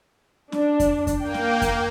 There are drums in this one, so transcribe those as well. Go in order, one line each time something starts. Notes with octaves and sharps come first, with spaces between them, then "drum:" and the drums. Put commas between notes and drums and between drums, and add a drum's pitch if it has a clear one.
D4, drum: snare C#4
drum: kick F2, hi-hat
drum: kick F2, hi-hat
A#3 G5
drum: snare C#4
drum: kick F2, hi-hat